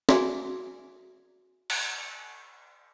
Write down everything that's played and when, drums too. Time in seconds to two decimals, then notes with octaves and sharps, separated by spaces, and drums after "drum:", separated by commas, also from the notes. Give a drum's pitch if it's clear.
0.09 F#4 G#4 D5 E5 G#5 C6, drum: snare
1.70 drum: cymbal